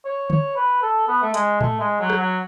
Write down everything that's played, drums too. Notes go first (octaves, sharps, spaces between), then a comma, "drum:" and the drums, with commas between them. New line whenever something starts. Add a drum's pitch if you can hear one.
C#5
C#5, drum: tom
B4
A4
B3
A3
G#3, drum: hi-hat
A3, drum: tom A2
G#3
F#3
drum: rim click
F#3